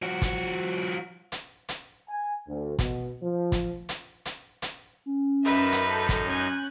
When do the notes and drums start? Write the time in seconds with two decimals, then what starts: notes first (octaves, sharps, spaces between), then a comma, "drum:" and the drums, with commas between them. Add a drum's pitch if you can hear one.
0.02 F3 F#4
0.22 drum: kick, hi-hat
1.32 drum: hi-hat
1.68 drum: hi-hat
2.08 G#5
2.48 D2
2.79 B2, drum: kick, hi-hat
3.23 F3
3.52 drum: kick, hi-hat
3.89 drum: hi-hat
4.25 drum: hi-hat
4.62 drum: hi-hat
5.06 C#4
5.45 F#2 D#4 A#4 B4 E5
5.72 drum: hi-hat
5.88 A4 G6
6.09 drum: kick, hi-hat
6.29 C#4 G#5 F#6